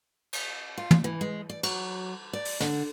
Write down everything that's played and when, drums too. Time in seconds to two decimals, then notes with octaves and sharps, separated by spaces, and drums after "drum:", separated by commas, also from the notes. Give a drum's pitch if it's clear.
0.33 drum: cymbal
0.78 F4
0.91 drum: tom
1.04 E3
1.21 G#3
1.49 D5
1.63 F#3, drum: cymbal
2.33 D5
2.45 drum: open hi-hat
2.61 D3, drum: snare